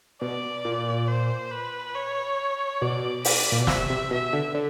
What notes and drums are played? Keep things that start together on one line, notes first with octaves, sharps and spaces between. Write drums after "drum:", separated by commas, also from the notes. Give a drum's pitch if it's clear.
B2 D5
A#2
C5
B4
C#5
B2 D5
D5, drum: open hi-hat
A#2
B2
C3 E5, drum: snare
C3
B2 E5
D3
D3